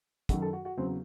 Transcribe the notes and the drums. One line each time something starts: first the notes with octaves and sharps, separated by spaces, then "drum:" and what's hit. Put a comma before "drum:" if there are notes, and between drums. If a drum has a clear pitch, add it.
F#2 D#3 F#3 F#4, drum: kick, hi-hat
A4
F#4
F#4
E2 C#3 F#3 C4